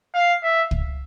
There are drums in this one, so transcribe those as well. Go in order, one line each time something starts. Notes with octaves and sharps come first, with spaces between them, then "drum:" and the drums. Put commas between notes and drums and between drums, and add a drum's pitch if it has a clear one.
F5
E5
drum: kick